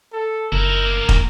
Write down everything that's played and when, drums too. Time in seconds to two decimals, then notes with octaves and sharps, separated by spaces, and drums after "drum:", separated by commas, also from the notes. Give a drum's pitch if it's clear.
0.13 A4
0.52 F#1 D#4 E4 A#4
0.85 D2 A#3
1.09 drum: kick